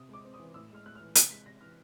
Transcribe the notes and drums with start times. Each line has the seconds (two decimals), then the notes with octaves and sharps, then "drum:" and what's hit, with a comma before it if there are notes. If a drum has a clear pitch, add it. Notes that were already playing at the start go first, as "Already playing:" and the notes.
Already playing: C3 D#6
0.09 G#3 D6
0.24 C4
0.34 D#6
0.39 E3
0.54 A2 E6
0.70 G#3 F6
0.85 A2 F#6
0.95 F6
1.00 E3
1.15 C3 F#6, drum: hi-hat
1.30 G#3 B6
1.46 C3 A#6
1.61 E3 F6